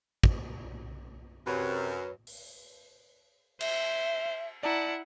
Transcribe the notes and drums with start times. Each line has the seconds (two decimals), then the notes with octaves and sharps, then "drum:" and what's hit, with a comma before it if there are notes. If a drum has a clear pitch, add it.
0.24 drum: kick
1.47 F#2 C3 B4 C#5
2.27 drum: open hi-hat
3.61 C5 E5, drum: cymbal
4.63 E4 D5 F#5 A5 A#5